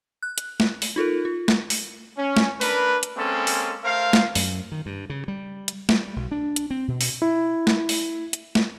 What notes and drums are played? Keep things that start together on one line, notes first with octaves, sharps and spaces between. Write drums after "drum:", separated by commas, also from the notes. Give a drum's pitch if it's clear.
F#6
drum: hi-hat
drum: snare
drum: open hi-hat
D#4 F4 A4 A#4
F4
drum: snare
drum: open hi-hat
C#4
drum: snare
D4 A#4 B4, drum: open hi-hat
drum: hi-hat
G#3 A#3 C4 C#4 A4
drum: open hi-hat
A3 A#4 C5 F5
drum: snare
F#2, drum: open hi-hat
D#3
G2
C#3
G3
drum: hi-hat
G3, drum: snare
B1
D4
drum: hi-hat
C4
B2
drum: open hi-hat
E4
drum: snare
drum: open hi-hat
drum: hi-hat
drum: snare